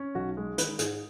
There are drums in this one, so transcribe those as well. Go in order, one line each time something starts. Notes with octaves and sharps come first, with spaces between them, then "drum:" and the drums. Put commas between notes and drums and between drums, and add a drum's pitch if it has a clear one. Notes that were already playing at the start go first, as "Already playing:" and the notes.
Already playing: C#4
B1 F#4
G#3
D#3 B4, drum: hi-hat
G#2 G#4, drum: hi-hat